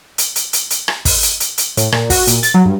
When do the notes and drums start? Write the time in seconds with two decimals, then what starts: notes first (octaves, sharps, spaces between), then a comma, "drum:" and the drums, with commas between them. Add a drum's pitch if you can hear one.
0.18 drum: hi-hat
0.36 drum: hi-hat
0.53 drum: hi-hat
0.70 drum: hi-hat
0.88 drum: rim click
1.05 drum: kick, open hi-hat
1.23 drum: hi-hat
1.40 drum: hi-hat
1.58 drum: hi-hat
1.77 A2, drum: hi-hat
1.92 A#2, drum: rim click
2.10 F#4, drum: kick, open hi-hat
2.27 A#2, drum: hi-hat
2.43 A6, drum: hi-hat
2.54 F#3
2.65 G2